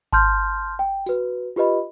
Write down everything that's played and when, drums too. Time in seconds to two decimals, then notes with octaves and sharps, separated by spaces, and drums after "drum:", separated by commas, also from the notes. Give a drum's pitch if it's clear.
0.13 A5 C6 F6 G6, drum: kick G#1
0.79 G5
1.06 F#4 B4, drum: tambourine
1.56 F4 G4 B4 D#5 B5